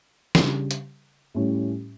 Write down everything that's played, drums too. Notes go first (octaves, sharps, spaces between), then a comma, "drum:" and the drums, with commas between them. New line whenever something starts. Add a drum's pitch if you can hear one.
C#3 G3 D4, drum: snare
drum: hi-hat
A2 G3 C#4 E4